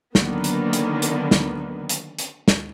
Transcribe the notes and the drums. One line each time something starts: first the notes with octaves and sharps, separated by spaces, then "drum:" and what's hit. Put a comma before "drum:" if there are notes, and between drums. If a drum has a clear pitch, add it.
D3 D#3 F#3 A#3 B3, drum: snare
drum: hi-hat
drum: hi-hat
drum: hi-hat
drum: snare
drum: hi-hat
drum: hi-hat
drum: snare